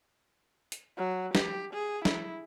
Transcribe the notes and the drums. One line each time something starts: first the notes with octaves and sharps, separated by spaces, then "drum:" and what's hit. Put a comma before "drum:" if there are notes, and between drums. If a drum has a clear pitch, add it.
drum: hi-hat
F#3
G4, drum: snare
G#4
E4, drum: snare